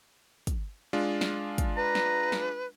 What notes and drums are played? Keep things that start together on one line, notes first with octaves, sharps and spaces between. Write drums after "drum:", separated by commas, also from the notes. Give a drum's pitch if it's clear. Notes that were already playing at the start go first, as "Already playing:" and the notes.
drum: kick, hi-hat
G#3 D4 F4
drum: snare
drum: kick, hi-hat
B4 A#5
drum: snare
drum: snare